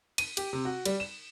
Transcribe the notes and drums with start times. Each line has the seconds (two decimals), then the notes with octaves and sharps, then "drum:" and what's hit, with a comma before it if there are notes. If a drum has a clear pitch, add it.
0.18 D#7, drum: cymbal
0.37 G4, drum: cymbal
0.53 C3
0.65 F#4
0.85 G3, drum: cymbal
1.00 E7